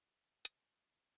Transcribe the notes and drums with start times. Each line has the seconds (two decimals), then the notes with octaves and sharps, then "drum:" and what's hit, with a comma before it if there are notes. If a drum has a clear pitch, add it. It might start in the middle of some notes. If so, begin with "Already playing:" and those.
0.07 E5
0.45 E7, drum: hi-hat
0.64 G6
0.86 E5